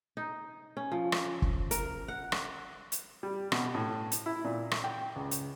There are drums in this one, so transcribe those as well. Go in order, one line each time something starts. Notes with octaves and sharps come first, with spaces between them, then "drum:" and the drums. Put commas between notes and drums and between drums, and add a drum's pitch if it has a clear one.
D#4
C#4
F3
drum: rim click
drum: kick
A#4, drum: hi-hat
F#5
drum: rim click
drum: hi-hat
G3
B2, drum: rim click
A2
drum: hi-hat
E4
A#2
drum: rim click
G5
C#2
drum: hi-hat